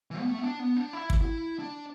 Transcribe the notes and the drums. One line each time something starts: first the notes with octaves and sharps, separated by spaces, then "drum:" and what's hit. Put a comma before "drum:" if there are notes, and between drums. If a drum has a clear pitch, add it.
E3
B3
A3
B3
D4
B3
D4
E4
drum: kick
E4
D4